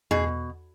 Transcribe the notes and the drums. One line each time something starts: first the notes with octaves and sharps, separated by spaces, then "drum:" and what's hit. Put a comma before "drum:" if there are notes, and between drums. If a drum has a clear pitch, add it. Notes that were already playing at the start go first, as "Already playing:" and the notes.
B2 G#4, drum: tom E2